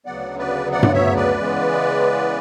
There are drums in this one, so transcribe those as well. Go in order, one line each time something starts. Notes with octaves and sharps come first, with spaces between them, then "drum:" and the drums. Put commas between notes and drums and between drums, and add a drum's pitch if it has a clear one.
D2 C#3 F#3 B3 D5 F#5
B4 D5
D5 F#5
drum: tom G2
C#5 E5
B4 D5
C#3 E3 G#3 B3